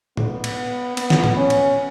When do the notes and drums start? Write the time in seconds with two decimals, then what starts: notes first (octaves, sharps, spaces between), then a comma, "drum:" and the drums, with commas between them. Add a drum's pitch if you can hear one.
0.17 B3, drum: tom A2
0.44 drum: cymbal
0.97 B3, drum: cymbal
1.10 drum: snare
1.24 drum: tom A2
1.37 C#4
1.50 drum: cymbal